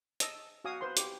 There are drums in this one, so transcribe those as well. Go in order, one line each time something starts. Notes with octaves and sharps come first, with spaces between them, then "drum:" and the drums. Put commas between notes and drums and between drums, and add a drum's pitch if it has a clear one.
D#5 A5 E6, drum: hi-hat
F#4 F5 G#5 D#6
B4 C5 C6
G4 D6, drum: hi-hat